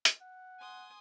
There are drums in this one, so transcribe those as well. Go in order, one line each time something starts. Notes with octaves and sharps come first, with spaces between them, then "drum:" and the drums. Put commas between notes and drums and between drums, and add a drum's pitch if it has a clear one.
drum: hi-hat
F#5
G#5 C6 D#6